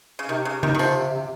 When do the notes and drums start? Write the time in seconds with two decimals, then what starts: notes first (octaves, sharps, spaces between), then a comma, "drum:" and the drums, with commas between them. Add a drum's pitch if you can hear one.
0.19 C#3
0.29 C3 D#3
0.45 C#3
0.63 D#3, drum: tom C#3
0.75 D#3
0.79 F3, drum: tambourine